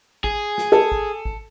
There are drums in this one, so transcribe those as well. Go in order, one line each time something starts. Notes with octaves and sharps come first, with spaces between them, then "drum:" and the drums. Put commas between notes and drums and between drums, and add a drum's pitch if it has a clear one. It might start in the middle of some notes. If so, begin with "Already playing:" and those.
G#4, drum: kick G#1
drum: snare
A4
drum: kick G#1
drum: kick G#1